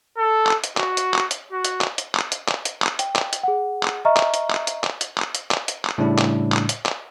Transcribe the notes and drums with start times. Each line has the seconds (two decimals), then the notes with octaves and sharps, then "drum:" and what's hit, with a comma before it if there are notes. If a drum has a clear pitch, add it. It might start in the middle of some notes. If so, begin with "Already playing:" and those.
0.18 A4
0.47 drum: clap
0.64 drum: hi-hat
0.77 F#4, drum: clap
0.97 drum: hi-hat
1.14 drum: clap
1.31 drum: hi-hat
1.52 F#4
1.64 drum: hi-hat
1.81 drum: clap
1.98 drum: hi-hat
2.15 drum: clap
2.32 drum: hi-hat
2.49 drum: clap
2.65 drum: hi-hat
2.82 drum: clap
2.99 G5, drum: hi-hat
3.16 drum: clap
3.33 drum: hi-hat
3.43 G#4 F#5
3.83 drum: clap
4.05 D#5 E5 A#5 C#6 F6
4.17 drum: clap
4.34 drum: hi-hat
4.50 drum: clap
4.67 drum: hi-hat
4.84 drum: clap
5.01 drum: hi-hat
5.18 drum: clap
5.35 drum: hi-hat
5.51 drum: clap
5.68 drum: hi-hat
5.85 drum: clap
5.98 A2 C#3 G3 D4 E4
6.19 drum: clap
6.52 drum: clap
6.69 drum: hi-hat
6.86 drum: clap